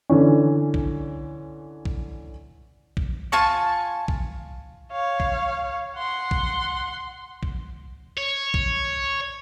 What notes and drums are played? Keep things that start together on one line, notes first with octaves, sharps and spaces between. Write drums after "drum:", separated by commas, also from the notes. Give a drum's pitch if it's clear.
D3 E3 C#4
drum: kick
drum: kick
drum: kick
F4 G#5 A5 C#6
drum: kick
C#5 F5
drum: kick
F#5 C6
drum: kick
drum: kick
C#5
drum: kick